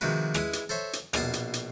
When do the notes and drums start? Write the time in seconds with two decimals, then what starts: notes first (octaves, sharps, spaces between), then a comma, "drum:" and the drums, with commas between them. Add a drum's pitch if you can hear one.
0.01 C3 D#3 F3 G#3 F#4 B4
0.34 G#3 E4 B4 D#6, drum: rim click
0.53 drum: hi-hat
0.69 A4 C5 C#5 E5
0.93 drum: hi-hat
1.13 A#1 B2 F5 G#5 A5 D#6, drum: rim click
1.33 drum: hi-hat
1.54 drum: hi-hat